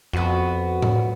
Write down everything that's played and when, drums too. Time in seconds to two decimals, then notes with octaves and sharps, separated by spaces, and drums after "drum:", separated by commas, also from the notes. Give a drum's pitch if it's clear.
0.13 F2 B3 F#4
0.82 drum: tom A2